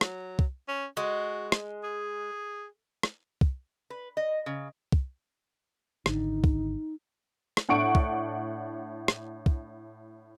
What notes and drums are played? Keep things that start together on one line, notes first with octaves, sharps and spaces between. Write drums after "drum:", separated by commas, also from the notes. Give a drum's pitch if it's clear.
F#3, drum: rim click
drum: kick
C#4
G#3 F#4
drum: rim click
G#4
drum: rim click
drum: kick
B4
D#5
C#3
drum: kick
G#1 D3 D#4, drum: rim click
drum: kick
drum: rim click
A2 D4 F#5 C#6 D7
drum: kick
drum: rim click
drum: kick